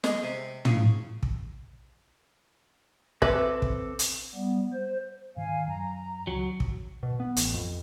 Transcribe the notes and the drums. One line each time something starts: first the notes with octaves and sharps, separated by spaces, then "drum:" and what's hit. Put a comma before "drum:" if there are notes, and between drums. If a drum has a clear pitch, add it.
G#3, drum: snare
C3
C#3, drum: tom
drum: kick
C4 A4 B4 E5 D6, drum: kick
drum: kick
drum: hi-hat
G3 B3
C5
G#2 D#3 F5 G#5
F#2 A#5
C#2 F#3
drum: kick
B2
B3
A1, drum: hi-hat
F2